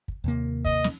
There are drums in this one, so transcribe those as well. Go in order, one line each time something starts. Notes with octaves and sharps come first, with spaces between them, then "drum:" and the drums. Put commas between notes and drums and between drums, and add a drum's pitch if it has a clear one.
drum: kick
D#2 C3 A#3
D#5, drum: kick
drum: snare